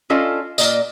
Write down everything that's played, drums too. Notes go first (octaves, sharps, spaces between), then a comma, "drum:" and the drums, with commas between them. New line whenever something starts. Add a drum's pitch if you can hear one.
C#4 D4 F4 A4 D#5 F5
A#2 A#3 D5 D#5, drum: tambourine